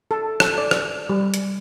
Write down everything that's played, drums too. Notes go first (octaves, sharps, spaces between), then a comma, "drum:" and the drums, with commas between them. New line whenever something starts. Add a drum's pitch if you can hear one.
A4
A4, drum: rim click
D5
drum: rim click
G3
drum: hi-hat